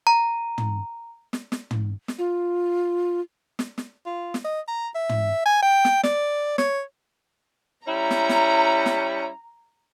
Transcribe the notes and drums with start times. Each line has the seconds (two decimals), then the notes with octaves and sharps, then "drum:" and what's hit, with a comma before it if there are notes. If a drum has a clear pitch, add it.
0.07 A#5
0.58 drum: tom
1.33 drum: snare
1.52 drum: snare
1.71 drum: tom
2.08 drum: snare
2.18 F4
3.59 drum: snare
3.78 drum: snare
4.06 F4
4.34 drum: snare
4.45 D#5
4.68 A#5
4.95 E5
5.09 drum: tom
5.46 G#5
5.62 G5
5.85 drum: snare
6.03 D5, drum: snare
6.58 C#5, drum: snare
7.87 G3 C#4 E4 A#5
8.11 drum: snare
8.29 drum: snare
8.86 drum: snare